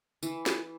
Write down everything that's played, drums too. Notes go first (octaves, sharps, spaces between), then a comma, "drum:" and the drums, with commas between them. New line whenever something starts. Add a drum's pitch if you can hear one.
E3, drum: tambourine
drum: snare